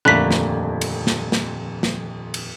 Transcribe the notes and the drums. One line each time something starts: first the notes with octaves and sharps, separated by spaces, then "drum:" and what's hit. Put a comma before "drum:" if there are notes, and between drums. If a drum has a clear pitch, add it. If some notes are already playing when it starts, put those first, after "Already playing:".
D#1 F2 D3 A3 A#3 B5 F#6 B6
drum: snare
drum: cymbal
drum: snare
drum: snare
drum: snare
drum: cymbal